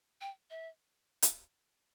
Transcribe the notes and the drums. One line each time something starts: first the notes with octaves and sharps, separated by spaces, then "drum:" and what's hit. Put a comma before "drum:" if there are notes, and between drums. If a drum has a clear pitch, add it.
G5
E5
drum: hi-hat